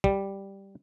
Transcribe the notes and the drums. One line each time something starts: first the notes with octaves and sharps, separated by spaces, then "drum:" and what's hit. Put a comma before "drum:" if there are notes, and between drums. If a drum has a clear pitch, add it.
G3, drum: kick